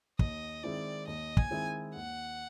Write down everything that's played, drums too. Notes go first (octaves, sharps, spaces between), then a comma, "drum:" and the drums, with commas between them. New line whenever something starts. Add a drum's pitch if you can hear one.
D#2 D#5, drum: kick
D#3 G#3 C4 E4 D5
D#2 D#5
G#5, drum: kick
D#3 G#3 C4 E4
D#2 F#5